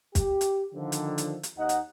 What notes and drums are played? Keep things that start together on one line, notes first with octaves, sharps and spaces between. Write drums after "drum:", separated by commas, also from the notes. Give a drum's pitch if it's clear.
G4, drum: kick, hi-hat
drum: hi-hat
D3 D#3 F3
drum: hi-hat
drum: hi-hat
drum: hi-hat
D#2 D#4 D#5 F#5
drum: hi-hat